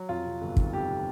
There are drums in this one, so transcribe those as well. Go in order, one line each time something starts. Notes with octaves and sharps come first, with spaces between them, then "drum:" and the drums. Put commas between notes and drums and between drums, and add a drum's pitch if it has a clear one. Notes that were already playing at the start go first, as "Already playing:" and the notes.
Already playing: F#3
F2 F4
C3
G1
D#3, drum: kick
F2 G4
C3